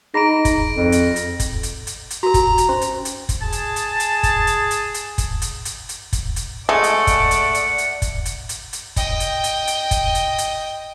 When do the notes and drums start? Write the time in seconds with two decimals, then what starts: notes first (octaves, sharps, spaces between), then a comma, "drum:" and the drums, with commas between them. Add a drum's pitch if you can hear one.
0.14 D#4 G#4 A#5 B5 A#6 D7
0.45 drum: kick, hi-hat
0.76 F2 F3
0.92 drum: hi-hat
1.16 drum: hi-hat
1.40 drum: kick, hi-hat
1.63 drum: hi-hat
1.87 drum: hi-hat
2.10 drum: hi-hat
2.23 F#4 A#4 A#5
2.34 drum: kick, hi-hat
2.58 drum: hi-hat
2.69 C#4 C5 C6
2.81 drum: hi-hat
3.05 drum: hi-hat
3.29 drum: kick, hi-hat
3.42 G#4 A5
3.52 drum: hi-hat
3.76 drum: hi-hat
4.00 drum: hi-hat
4.23 drum: kick, hi-hat
4.47 drum: hi-hat
4.71 drum: hi-hat
4.94 drum: hi-hat
5.18 drum: kick, hi-hat
5.42 drum: hi-hat
5.65 drum: hi-hat
5.89 drum: hi-hat
6.13 drum: kick, hi-hat
6.36 drum: hi-hat
6.69 G#3 A3 D5 F#5
6.84 drum: hi-hat
7.07 drum: kick, hi-hat
7.31 drum: hi-hat
7.54 drum: hi-hat
7.78 drum: hi-hat
8.02 drum: kick, hi-hat
8.25 drum: hi-hat
8.49 drum: hi-hat
8.73 drum: hi-hat
8.96 D#5 G5, drum: kick, hi-hat
9.20 drum: hi-hat
9.44 drum: hi-hat
9.67 drum: hi-hat
9.91 drum: kick, hi-hat
10.15 drum: hi-hat
10.38 drum: hi-hat